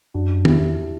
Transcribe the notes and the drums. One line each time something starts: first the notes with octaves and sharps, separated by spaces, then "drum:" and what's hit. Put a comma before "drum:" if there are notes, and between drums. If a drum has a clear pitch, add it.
F#2 D4 F#4
E2 E4 G4, drum: tom D#3